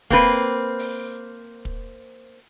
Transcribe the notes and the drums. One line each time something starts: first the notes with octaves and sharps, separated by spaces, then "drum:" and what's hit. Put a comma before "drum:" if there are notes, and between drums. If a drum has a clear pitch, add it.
A#3 C4 B4, drum: kick
drum: open hi-hat
drum: kick